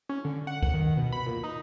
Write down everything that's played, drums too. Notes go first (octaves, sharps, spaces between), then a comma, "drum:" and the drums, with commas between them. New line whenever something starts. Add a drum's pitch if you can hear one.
C#4
D3
F#5
F#5, drum: kick
D#3
B2
B5
A#2
D#4